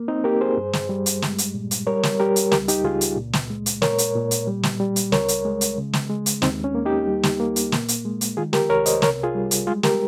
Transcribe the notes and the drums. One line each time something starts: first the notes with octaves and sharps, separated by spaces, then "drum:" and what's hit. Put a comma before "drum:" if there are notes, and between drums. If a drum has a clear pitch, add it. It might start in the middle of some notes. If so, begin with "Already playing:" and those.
Already playing: A#3
C4 D#4
A#3 G4 A#4
G#4 C5
G2
drum: snare
G3
drum: hi-hat
G#3, drum: snare
drum: hi-hat
A#2
drum: hi-hat
G3 A#4 C#5
drum: snare
G3 G4 A#4
drum: hi-hat
C#2 G4 A#4, drum: snare
D#4 G4, drum: hi-hat
C#2 F4 G#4
drum: hi-hat
A#2
drum: snare
G#3
drum: hi-hat
A#2 A#4 C#5, drum: snare
drum: hi-hat
A#2
drum: hi-hat
G3
drum: snare
G3
drum: hi-hat
C#2 A#4 C#5, drum: snare
drum: hi-hat
G#3
drum: hi-hat
C#3
drum: snare
G#3
drum: hi-hat
D#2 C4 D#4, drum: snare
C#4
A#3
D#4 G4
G3
drum: snare
A#3
drum: hi-hat
A#2, drum: snare
drum: hi-hat
G#3
drum: hi-hat
D#3 F4 G#4
G4 A#4, drum: snare
C2 A#4 C#5
C5 D#5, drum: hi-hat
C3 A#4 C#5, drum: snare
F4 G#4
G3
drum: hi-hat
G#3 F4 G#4
G4 A#4, drum: snare